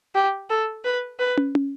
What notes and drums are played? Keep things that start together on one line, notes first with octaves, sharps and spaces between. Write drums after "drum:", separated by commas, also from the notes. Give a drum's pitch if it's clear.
G4
A4
B4
B4
drum: tom
drum: tom